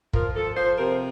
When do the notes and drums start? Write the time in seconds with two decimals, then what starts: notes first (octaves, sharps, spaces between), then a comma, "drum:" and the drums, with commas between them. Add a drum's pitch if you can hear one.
0.13 F3 A#4, drum: kick
0.34 F3 A4
0.56 F3 C5
0.77 C3 A#4